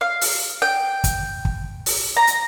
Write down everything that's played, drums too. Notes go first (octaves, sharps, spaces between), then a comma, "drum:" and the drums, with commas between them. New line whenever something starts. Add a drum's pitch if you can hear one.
F5
drum: open hi-hat
G5
drum: kick, hi-hat
drum: kick
drum: open hi-hat
A#5
drum: hi-hat